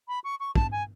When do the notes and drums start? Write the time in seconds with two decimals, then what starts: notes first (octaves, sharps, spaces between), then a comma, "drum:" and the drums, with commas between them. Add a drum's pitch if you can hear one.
0.08 B5
0.24 C#6
0.40 C#6
0.55 A5, drum: kick
0.72 G#5